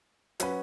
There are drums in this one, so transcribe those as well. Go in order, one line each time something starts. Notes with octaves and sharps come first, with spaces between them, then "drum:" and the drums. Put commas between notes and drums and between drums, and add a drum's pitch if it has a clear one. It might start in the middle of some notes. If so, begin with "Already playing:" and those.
F#3 C#4 F#4 B4, drum: hi-hat